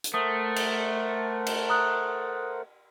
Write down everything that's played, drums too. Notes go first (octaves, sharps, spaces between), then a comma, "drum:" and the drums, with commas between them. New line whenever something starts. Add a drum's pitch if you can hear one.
drum: hi-hat
A3 A#4 C5 F#5 D#6
drum: cymbal
drum: cymbal
A#5 D#6 F#6